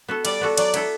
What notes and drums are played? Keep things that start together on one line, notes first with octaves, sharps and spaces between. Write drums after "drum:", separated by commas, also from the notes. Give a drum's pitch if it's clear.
B3 F#4 A4
G3 D5, drum: cymbal
B3 F#4 A4
F#3 D5, drum: cymbal
B3 E4 A4, drum: cymbal